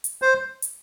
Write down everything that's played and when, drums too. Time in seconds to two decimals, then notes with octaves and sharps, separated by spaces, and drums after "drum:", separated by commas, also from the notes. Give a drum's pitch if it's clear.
0.04 drum: hi-hat
0.22 C5
0.62 drum: hi-hat